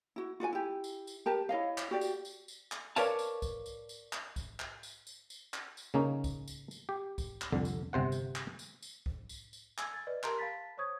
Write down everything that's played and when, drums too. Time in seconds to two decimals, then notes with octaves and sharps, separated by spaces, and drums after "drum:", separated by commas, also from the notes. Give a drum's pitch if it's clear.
0.16 E4 F#4
0.40 F4 F#4 D5 G#5
0.53 E4 G4
0.84 drum: tambourine
1.07 drum: tambourine
1.26 G4 A#4 A5
1.49 E4 C#5 D#5 F5
1.78 drum: clap
1.91 F#4 G4 D5
2.01 drum: tambourine
2.25 drum: tambourine
2.48 drum: tambourine
2.72 drum: clap
2.96 A#4 B4 C#5 D5 F5 A5, drum: tambourine
3.19 drum: tambourine
3.42 drum: kick, tambourine
3.66 drum: tambourine
3.89 drum: tambourine
4.13 drum: clap
4.36 drum: kick, tambourine
4.60 drum: clap
4.83 drum: tambourine
5.07 drum: tambourine
5.30 drum: tambourine
5.54 drum: clap
5.77 drum: tambourine
5.94 C#3 A#3 C#4 D#4
6.24 drum: kick, tambourine
6.48 drum: tambourine
6.71 drum: tambourine
6.89 G4
7.18 drum: kick, tambourine
7.42 drum: clap
7.53 C2 F2 D3
7.65 drum: tambourine
7.93 G1 C3 C5 F#5
8.12 drum: tambourine
8.35 drum: clap
8.59 drum: tambourine
8.82 drum: tambourine
9.06 drum: kick
9.29 drum: tambourine
9.53 drum: tambourine
9.78 G#5 E6 G#6, drum: clap
9.94 A6
10.07 B4 D5 D#5
10.23 G4 A#4 A5 A#5 C6 D7, drum: clap
10.38 F5 A5 B5 A6 B6
10.77 C5 C#5 C#6 D#6 G#6